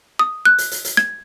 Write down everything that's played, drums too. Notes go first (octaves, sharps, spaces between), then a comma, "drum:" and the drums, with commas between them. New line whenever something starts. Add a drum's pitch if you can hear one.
D#6
F#6
drum: hi-hat
drum: hi-hat
drum: hi-hat
G#6, drum: snare